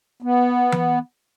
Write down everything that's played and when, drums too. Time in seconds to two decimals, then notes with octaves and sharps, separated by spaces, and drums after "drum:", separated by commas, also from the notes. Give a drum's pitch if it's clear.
0.22 B3
0.72 drum: tom E3